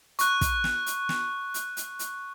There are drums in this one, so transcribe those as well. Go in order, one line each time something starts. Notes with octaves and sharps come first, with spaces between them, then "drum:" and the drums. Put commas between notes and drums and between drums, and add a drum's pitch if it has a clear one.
C#6 F#6, drum: hi-hat
drum: kick, hi-hat
drum: snare
drum: hi-hat
drum: snare
drum: hi-hat
drum: hi-hat
drum: hi-hat